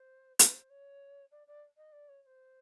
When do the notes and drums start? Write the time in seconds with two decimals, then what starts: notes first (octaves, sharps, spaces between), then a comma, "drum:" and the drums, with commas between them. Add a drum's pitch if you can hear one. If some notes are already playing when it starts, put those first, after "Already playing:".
Already playing: C5
0.39 B4, drum: hi-hat
0.54 C5
0.70 C#5
1.31 D5
1.47 D5
1.77 D#5
1.92 D5
2.08 C#5
2.23 C#5
2.26 C5